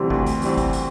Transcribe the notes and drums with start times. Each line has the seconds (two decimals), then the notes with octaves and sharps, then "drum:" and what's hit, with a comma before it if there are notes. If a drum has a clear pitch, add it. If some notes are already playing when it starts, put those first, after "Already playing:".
Already playing: D2 C3 E3 G3 C4
0.10 D2, drum: kick G#1
0.26 drum: hi-hat
0.42 C3 E3 G3 C4, drum: hi-hat
0.57 drum: kick G#1, hi-hat
0.73 drum: hi-hat